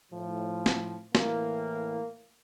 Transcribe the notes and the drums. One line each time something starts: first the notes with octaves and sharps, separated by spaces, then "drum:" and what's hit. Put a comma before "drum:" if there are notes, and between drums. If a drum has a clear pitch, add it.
A2 F3
drum: snare
A2 E3 A#3, drum: snare